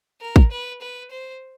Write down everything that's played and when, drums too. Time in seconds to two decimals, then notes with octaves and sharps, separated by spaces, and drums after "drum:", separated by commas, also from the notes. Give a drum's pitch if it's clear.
0.21 A#4
0.36 drum: kick
0.51 B4
0.81 B4
1.11 C5